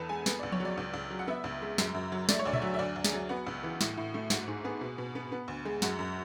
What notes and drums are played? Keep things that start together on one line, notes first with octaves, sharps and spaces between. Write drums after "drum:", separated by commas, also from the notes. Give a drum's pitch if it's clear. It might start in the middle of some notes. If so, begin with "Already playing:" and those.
Already playing: E2 B3 A4 B4
G#3 G#5
B3 F#5, drum: snare
C#2 D5
C#5, drum: tom F3
F#3
D5
C#2
C#2
F#3
F#5
B3 E5
C#2
G#3
F#2, drum: snare
F#2
F#3
A3 D5, drum: snare
C#5
D2 D5
E5, drum: tom A#2
F#3
E5
D2 D5
D2
G#4, drum: snare
F#3
B3 F#4
C#2
E3
A2, drum: snare
A2
A3
G#2 F#4, drum: snare
G#2 G#4
B3 G#4
B2
B2
B3
B3
D2
G#3
F#2 F#4, drum: snare
F#2